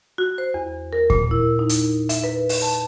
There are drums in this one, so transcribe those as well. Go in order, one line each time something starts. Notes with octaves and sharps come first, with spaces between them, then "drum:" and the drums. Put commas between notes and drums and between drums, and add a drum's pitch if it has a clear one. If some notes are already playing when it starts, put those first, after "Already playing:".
F#4
C5
E2
A#4
A#2, drum: kick D#2
E4
D#4
drum: hi-hat
E5, drum: hi-hat
B4
drum: open hi-hat
A5